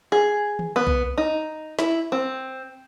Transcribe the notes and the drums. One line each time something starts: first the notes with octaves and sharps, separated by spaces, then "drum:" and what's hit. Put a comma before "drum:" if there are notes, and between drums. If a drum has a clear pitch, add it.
G#4
drum: tom D#3
B3
drum: kick B1
D#4
E4, drum: snare
C4